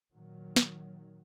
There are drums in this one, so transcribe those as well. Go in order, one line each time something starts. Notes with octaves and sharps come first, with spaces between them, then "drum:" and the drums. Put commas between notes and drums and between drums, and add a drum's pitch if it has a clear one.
A#2 D#3 F#3
drum: snare